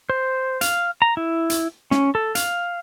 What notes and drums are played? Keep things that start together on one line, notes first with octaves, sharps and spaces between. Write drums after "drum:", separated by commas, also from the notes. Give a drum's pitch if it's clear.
C5
F5, drum: hi-hat
A#5
E4
drum: hi-hat
C#4, drum: snare
A4
F5, drum: hi-hat